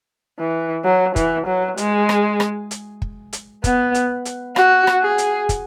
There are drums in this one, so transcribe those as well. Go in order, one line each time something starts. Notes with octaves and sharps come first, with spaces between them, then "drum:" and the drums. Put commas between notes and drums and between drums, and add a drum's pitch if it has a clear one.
E3
F#3
E3, drum: kick, hi-hat
F#3
G#3, drum: hi-hat
drum: rim click
drum: rim click
drum: hi-hat
drum: kick
drum: hi-hat
B3, drum: kick, hi-hat
drum: hi-hat
drum: hi-hat
F#4, drum: rim click
drum: rim click
G#4
drum: hi-hat
drum: kick, hi-hat